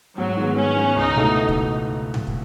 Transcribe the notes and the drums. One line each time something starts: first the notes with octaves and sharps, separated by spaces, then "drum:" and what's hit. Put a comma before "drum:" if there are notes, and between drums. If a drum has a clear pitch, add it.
G#2 F#3
D#3 G#3 B3
G#2 C#4
D#3 G#3 B3
C#2 D#4
B2 A3 E4 A4
drum: kick
drum: tom G#2
drum: kick